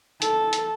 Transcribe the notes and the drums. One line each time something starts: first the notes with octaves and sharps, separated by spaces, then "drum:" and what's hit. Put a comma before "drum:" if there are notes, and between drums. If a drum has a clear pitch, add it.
A4, drum: hi-hat
drum: hi-hat